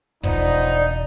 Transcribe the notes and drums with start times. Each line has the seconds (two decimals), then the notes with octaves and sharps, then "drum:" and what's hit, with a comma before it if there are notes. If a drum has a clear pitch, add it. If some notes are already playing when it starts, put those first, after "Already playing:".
0.23 E1 F3 B3 D#4 D5, drum: kick